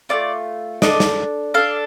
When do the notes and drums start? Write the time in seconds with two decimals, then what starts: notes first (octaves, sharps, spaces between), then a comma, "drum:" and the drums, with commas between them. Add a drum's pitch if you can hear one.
0.09 A3 C4 F4 D5
0.82 D4 A4 D#5, drum: snare
1.00 drum: snare
1.54 D4 A4 F5